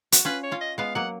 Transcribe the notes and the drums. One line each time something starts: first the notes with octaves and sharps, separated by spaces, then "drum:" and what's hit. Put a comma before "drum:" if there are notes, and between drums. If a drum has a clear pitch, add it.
F#4, drum: hi-hat
C#4 F4 B4
C#5
C#4 F4
D#5
G#3 B3 F5
F#3 A#3 F#5